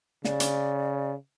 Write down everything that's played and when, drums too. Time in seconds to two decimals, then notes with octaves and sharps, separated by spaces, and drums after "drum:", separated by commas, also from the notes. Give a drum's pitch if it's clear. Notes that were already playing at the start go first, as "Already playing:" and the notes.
0.24 C#3 D5, drum: snare
0.40 drum: hi-hat